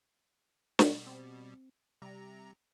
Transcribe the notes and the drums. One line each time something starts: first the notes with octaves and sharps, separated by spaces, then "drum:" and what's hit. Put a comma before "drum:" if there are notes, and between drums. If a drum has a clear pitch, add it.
B2 G3, drum: snare
C4
C3 G3 A#5